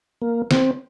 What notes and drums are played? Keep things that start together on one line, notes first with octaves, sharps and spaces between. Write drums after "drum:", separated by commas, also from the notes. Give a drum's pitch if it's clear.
A#3
C4, drum: snare